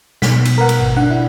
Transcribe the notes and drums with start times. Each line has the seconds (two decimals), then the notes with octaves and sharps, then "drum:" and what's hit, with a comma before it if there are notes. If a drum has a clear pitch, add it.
0.22 B2 B6, drum: snare
0.45 drum: cymbal
0.58 A#4 B4 F#5
0.69 drum: cymbal
0.80 G#1
0.97 D4 F#5
1.10 E4